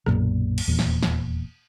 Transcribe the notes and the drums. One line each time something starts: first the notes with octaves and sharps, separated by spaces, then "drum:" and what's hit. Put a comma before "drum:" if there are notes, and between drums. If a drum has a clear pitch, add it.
B1 F#2 A#2, drum: rim click
drum: cymbal
D#1 E2 A#2
drum: snare
drum: snare